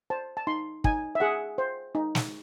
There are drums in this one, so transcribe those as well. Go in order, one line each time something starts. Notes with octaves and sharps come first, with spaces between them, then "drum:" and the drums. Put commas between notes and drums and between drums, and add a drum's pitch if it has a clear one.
C5 A5
A5
D#4 C6
D#4 G#5, drum: kick
E5
G#4 F#5
C5
D#4
drum: snare